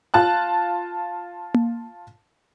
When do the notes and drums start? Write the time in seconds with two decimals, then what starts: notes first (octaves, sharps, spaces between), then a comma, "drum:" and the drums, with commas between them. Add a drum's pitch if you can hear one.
0.14 F4 A5 F#6
1.54 drum: tom A#3